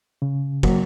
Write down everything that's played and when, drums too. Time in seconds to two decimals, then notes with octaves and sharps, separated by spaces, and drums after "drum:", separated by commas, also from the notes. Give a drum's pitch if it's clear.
0.22 C#3
0.63 F#3 A#3, drum: kick